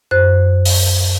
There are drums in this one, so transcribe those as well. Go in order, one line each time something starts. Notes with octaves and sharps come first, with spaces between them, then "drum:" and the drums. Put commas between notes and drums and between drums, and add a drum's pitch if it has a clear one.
F#2 C5 F#6
drum: open hi-hat